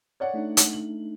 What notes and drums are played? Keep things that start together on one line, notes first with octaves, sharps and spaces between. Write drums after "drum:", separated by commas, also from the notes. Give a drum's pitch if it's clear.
C#5 D5 F#5
A3 D4 D#4
drum: hi-hat
F#7